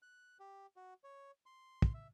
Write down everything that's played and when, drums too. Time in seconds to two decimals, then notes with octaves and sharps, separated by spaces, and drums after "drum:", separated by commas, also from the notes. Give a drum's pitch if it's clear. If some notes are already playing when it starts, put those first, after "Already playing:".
0.02 F#6
0.40 G4
0.76 F#4
1.04 C#5
1.46 C6
1.82 drum: kick
1.94 E5